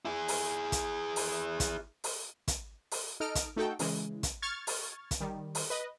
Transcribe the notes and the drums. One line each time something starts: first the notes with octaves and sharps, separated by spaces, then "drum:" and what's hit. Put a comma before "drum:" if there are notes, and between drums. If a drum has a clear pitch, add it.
E4 G#4
drum: open hi-hat
drum: kick, hi-hat
drum: open hi-hat
drum: kick, hi-hat
drum: open hi-hat
drum: kick, hi-hat
drum: open hi-hat
D#4 A4 D#5 F6 D7
drum: kick, hi-hat
A3 D#4 F#4 A4 G5
C#3 E3 G#3, drum: open hi-hat
drum: kick, hi-hat
C#6 F6 G#6 A6
drum: open hi-hat
drum: kick, hi-hat
D#3 G3
drum: open hi-hat
B4 D#5